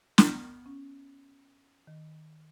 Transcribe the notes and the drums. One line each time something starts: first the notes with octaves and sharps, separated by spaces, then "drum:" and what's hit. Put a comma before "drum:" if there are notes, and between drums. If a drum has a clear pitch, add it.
B3, drum: snare
C#4
D#3